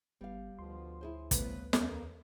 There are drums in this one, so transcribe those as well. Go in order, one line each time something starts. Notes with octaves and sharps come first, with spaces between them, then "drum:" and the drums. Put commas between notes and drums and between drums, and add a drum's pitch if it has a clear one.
G1 G3 B3 F5
D2 B2 D3 F3 C6
E4 G#4 C5
C#3 G3 A3 B3 C4 B4, drum: kick, hi-hat
E2 G2 A#3 C#4 A4, drum: snare